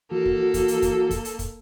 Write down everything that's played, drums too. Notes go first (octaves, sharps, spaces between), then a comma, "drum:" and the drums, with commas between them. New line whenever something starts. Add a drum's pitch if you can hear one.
E3 A#3 F#4 A4
drum: kick
drum: kick, hi-hat
drum: hi-hat
drum: kick, hi-hat
drum: kick, hi-hat
drum: hi-hat
drum: kick, hi-hat